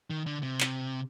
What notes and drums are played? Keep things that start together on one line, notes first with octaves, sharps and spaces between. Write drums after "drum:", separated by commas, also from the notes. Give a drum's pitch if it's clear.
D#3
D3
C3
drum: clap